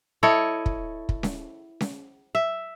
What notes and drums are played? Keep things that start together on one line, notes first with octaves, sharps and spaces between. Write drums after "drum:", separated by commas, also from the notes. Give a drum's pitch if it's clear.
E4 A4 C#5 D#5
drum: kick
drum: kick
drum: snare C#4
drum: snare C#4
E5